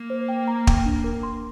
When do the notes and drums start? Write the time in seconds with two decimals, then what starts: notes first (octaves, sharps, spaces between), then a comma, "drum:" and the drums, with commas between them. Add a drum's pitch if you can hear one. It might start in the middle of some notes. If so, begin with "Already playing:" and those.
Already playing: A#3
0.10 C5
0.28 G5
0.48 A#5
0.67 G5, drum: kick
0.85 D4
1.04 A#4
1.23 C6